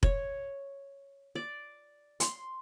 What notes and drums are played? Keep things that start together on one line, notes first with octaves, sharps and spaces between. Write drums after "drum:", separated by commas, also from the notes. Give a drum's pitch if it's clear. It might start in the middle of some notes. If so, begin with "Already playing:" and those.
C#5, drum: kick F1
D5
C6, drum: hi-hat